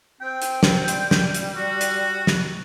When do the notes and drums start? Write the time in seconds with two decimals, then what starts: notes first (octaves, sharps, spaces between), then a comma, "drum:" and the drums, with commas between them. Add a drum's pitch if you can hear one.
0.21 C4 G5
0.42 drum: hi-hat
0.63 C4, drum: snare
0.88 G3, drum: hi-hat
1.11 drum: snare
1.34 drum: hi-hat
1.56 F#4
1.81 drum: hi-hat
2.27 drum: snare